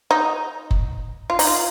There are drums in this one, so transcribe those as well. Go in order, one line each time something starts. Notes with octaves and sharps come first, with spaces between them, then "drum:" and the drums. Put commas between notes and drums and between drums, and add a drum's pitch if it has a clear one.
D#4
drum: kick F#1
F4
D#4, drum: open hi-hat
F4